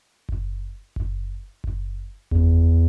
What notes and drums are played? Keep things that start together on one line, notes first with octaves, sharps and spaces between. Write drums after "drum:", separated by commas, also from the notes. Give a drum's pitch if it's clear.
drum: kick F#1
drum: kick F#1
drum: kick F#1
E2, drum: kick F#1